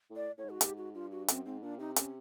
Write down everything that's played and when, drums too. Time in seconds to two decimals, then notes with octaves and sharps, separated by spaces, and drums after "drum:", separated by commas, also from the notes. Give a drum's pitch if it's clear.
0.10 A2
0.16 D5
0.38 A2 C#5
0.44 G#2
0.50 F#4
0.61 G#2 G4, drum: hi-hat
0.77 F#4
0.95 G2 F4
1.12 F#4
1.28 F#2 C4, drum: hi-hat
1.46 G#2 C4
1.62 A#2 D4
1.79 C3 D#4
1.96 C3 C#4, drum: hi-hat